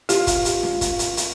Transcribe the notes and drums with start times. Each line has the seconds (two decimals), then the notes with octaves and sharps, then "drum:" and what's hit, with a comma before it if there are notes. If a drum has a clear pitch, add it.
0.09 F4 G4, drum: hi-hat
0.27 drum: kick, hi-hat
0.45 drum: hi-hat
0.63 drum: snare C#4
0.81 drum: kick, hi-hat
0.99 drum: hi-hat
1.17 drum: hi-hat